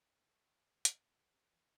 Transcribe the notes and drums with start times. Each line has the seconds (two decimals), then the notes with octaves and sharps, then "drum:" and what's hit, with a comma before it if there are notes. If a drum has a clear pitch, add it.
0.21 A2
0.85 drum: hi-hat
1.32 C3
1.50 E3